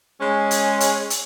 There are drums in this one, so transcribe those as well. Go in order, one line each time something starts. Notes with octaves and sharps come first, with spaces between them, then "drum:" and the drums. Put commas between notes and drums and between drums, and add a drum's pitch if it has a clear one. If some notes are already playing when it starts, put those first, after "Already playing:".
G#3 C#4
drum: hi-hat
drum: hi-hat
drum: hi-hat